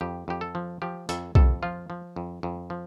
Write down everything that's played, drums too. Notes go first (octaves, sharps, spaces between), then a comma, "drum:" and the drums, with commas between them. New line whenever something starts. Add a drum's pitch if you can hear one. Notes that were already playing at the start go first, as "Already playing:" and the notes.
F2 G4
F2 G4
A4
F3
F3 G4
F2 A4, drum: hi-hat
F2 A4, drum: kick B1
F3 F4
F3
F2
F2
F3